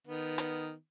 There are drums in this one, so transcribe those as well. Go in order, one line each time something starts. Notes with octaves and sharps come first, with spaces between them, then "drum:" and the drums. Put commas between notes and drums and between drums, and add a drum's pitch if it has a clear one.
D#3 B3
drum: hi-hat